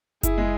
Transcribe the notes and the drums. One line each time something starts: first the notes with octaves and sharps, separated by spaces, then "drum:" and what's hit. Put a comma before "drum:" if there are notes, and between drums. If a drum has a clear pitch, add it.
E4 G#4, drum: kick F#1, hi-hat
G#3